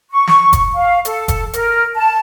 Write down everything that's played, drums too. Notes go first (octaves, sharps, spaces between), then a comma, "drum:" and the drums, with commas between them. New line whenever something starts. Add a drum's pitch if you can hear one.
C#6
drum: snare
drum: kick F1, hi-hat
F5
A4, drum: hi-hat
drum: kick F1, hi-hat
A#4, drum: hi-hat
A5